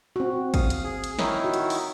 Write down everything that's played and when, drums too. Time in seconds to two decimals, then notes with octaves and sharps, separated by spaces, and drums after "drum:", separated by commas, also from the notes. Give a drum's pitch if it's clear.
0.16 C4 F#4
0.54 F5 D#6, drum: kick, hi-hat
0.70 drum: hi-hat
0.84 G#4
1.04 drum: hi-hat
1.19 D#3 D#4 E4 A#4 C#5, drum: snare
1.44 F#4
1.54 drum: hi-hat
1.70 drum: open hi-hat